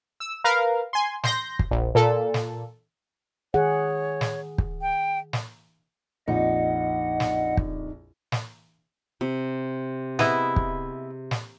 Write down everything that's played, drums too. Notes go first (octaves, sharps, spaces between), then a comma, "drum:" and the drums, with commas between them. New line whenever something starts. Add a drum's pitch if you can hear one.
E6
A#4 B4 F5
G#5 C6
C6 G6 A#6, drum: snare
drum: kick
A#1
A#2 A4
drum: snare
D#3 G#4 C#5 F#5
drum: snare
drum: kick
G5
drum: snare
A#1 F2 D#4 D#5 F#5
drum: snare
drum: kick
drum: snare
C3
B3 E4 G#4 D#5 E5, drum: snare
drum: kick
drum: snare